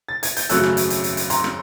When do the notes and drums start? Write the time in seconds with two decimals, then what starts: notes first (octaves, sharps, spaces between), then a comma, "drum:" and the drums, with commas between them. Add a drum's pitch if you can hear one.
0.08 A6
0.23 G#6, drum: hi-hat
0.37 G6, drum: hi-hat
0.49 G#1 F#2 C#3 F#3 A3 E6 F#6, drum: hi-hat
0.63 drum: rim click
0.77 drum: hi-hat
0.90 drum: hi-hat
1.04 drum: hi-hat
1.17 drum: hi-hat
1.30 A#5 C6, drum: hi-hat
1.44 drum: rim click